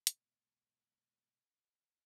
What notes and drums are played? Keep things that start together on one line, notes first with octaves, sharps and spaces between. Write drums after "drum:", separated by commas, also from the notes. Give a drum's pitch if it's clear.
G#2 B2, drum: hi-hat